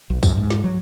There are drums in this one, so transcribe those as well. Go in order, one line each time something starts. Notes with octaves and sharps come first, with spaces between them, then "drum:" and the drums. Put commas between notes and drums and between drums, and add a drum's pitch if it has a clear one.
B1
F#2, drum: kick, tambourine
G#2
drum: snare
F#3